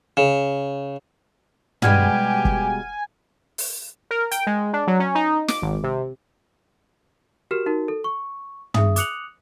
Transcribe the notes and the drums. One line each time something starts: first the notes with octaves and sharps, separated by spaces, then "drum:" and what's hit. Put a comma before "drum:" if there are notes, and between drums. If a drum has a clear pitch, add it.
C#3
B2 G3 G#3 G4 F#5 G#5 F6 G#6, drum: tom
drum: kick
drum: open hi-hat
A#4
G5, drum: hi-hat
G#3
D4
F#3
C#4
D#4
D6, drum: snare
G#1
C3
F#4 G4 A#4 F6 E7
D#4 F#4 A#4
A4
C#6
G#4 E5 D#6, drum: tom
D6 D#6 F#6 C#7 F7 F#7, drum: hi-hat